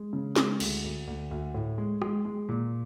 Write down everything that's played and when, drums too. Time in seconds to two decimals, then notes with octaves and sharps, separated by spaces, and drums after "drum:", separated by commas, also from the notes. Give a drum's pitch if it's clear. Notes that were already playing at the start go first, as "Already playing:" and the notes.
Already playing: G#3
0.13 C#3
0.36 G#3, drum: snare
0.60 D2, drum: cymbal
0.84 D2
1.07 D2
1.31 D2
1.54 A2
1.78 G#3
2.02 G#3, drum: rim click
2.25 G#3
2.49 A#2